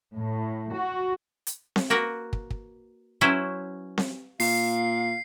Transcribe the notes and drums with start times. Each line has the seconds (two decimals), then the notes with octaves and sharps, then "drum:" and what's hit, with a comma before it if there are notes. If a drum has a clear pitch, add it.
0.16 A2
0.74 F#4
1.47 drum: hi-hat
1.76 drum: snare C4
1.90 A#3 F#4 A#4 B4
2.33 drum: kick
2.50 drum: kick
3.21 F#3 C#4 E4 B4 C5
3.98 drum: snare C4
4.40 A#2 F5 C7, drum: open hi-hat